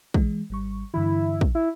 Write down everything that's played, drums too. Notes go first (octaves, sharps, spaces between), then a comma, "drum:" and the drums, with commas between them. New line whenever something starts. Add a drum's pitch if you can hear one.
E3 G#3, drum: kick
G#1 G3 C#6
G2 D3 E3 E4
drum: kick
E4